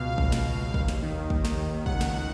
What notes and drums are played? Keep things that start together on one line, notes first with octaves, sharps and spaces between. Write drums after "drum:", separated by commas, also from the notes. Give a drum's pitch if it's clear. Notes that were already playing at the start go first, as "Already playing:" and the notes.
Already playing: C#2 B2 F5
C#2, drum: kick
drum: snare
B2
D#2, drum: kick
drum: snare
D#3
D#2, drum: kick
drum: snare
D#3
C#2 F#5, drum: kick
drum: snare